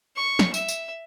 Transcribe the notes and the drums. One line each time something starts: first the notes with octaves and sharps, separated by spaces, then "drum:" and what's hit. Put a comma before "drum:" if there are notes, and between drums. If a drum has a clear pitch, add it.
C#6
drum: snare
E5, drum: tambourine
drum: tambourine